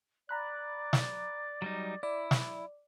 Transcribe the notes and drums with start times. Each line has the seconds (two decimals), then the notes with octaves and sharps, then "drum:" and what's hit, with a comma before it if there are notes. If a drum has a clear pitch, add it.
0.29 D5 A#5 B5 F#6
0.93 drum: snare
1.62 F#3 G3 D#4
2.03 E4 D5
2.31 drum: snare